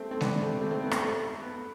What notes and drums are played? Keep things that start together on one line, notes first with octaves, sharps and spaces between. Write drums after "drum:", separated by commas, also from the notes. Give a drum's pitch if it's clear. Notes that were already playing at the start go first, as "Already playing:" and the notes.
Already playing: A3 C4
A3 C4
B3 D4, drum: snare G#3
A3 C4
A3 C4
A3 C4
B3
A3 C4, drum: rim click
A3
B3